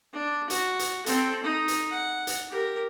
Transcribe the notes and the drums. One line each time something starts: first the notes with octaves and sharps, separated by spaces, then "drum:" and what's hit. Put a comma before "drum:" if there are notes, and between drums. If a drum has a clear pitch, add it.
D4
F#4, drum: hi-hat
drum: hi-hat
C4 A4, drum: hi-hat
D#4
drum: hi-hat
F#5
drum: hi-hat
G4 A#4